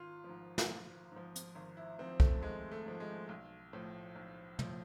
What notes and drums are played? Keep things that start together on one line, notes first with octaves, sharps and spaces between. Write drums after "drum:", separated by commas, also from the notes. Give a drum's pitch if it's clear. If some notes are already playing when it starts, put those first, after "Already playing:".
Already playing: G#1 F4
G#2 F3
drum: snare
G#1
G#2 F3
drum: hi-hat
G#1
E4
G#2 F3 C4
A3, drum: kick
G#1 G#3
A3
G#2 F3
G#3
B1
A2 F3
B1
A2 F3, drum: tom